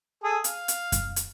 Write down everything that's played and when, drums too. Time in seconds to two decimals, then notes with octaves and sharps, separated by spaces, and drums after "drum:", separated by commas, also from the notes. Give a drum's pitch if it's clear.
0.24 G#4 A4
0.44 F5, drum: hi-hat
0.68 drum: hi-hat
0.92 drum: kick F#2, hi-hat
1.16 drum: hi-hat